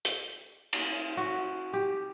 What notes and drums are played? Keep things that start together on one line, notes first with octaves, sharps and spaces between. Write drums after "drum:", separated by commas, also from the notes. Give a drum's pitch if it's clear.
drum: hi-hat
drum: cymbal
F#4
G4